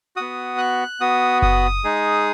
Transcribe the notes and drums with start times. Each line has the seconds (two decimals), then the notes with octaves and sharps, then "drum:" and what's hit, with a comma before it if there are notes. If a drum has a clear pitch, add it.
0.16 B3 F#4 D#6
0.58 F#6
1.00 B3 F#4 D#6
1.42 D#6, drum: kick F#1
1.84 G#3 D#4 G#4